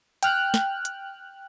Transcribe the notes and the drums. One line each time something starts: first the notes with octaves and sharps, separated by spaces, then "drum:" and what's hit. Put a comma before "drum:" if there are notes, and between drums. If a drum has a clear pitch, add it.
G5 F6 F#6, drum: hi-hat
drum: snare
drum: hi-hat